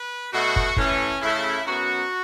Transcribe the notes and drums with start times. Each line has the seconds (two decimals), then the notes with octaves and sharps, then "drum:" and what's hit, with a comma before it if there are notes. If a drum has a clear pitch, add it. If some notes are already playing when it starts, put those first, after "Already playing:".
Already playing: B4
0.31 B2 A3 F#4
0.56 drum: kick
0.77 A2 E3 A3 C#4, drum: kick
1.21 C#3 A3 E4
1.65 F#2 F#3 B3 F#4